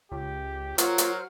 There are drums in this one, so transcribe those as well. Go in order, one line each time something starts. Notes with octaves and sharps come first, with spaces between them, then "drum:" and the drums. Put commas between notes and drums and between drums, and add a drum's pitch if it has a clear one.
C#2 G4
F#3 F4 A#4 C5 F#5 F6, drum: hi-hat
drum: hi-hat